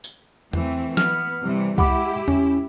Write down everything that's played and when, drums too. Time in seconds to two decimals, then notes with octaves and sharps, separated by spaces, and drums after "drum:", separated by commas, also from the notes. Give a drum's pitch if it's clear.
0.04 drum: tambourine
0.53 E3 A3 C4, drum: tom E2
0.97 B3 F6, drum: snare
1.43 C3 E3 G3
1.78 G#3 E4 G4 F#5 B5 D6, drum: kick C2
2.28 C#4, drum: tom E2